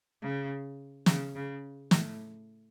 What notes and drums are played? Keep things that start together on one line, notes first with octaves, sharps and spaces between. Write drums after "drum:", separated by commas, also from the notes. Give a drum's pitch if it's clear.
C#3
C#3, drum: snare
C#3
A2, drum: snare